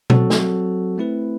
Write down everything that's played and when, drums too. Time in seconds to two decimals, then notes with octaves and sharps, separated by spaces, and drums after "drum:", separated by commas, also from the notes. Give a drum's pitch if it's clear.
0.10 F#3 C4 F#4 A4, drum: tom B2
0.30 drum: snare
0.98 A3 C4 E4 B4